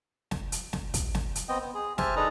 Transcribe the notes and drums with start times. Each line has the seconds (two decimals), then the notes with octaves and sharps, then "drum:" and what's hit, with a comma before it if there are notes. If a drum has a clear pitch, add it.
0.31 drum: snare
0.52 drum: hi-hat
0.73 drum: snare
0.94 drum: kick, hi-hat
1.15 drum: snare
1.35 drum: hi-hat
1.49 B3 C4 D#5 G5
1.61 B3
1.74 G#4
1.98 G4 C5 E5 G#5 A5 F6, drum: snare
2.16 D4 D#4 G#4 A4 B4 A#5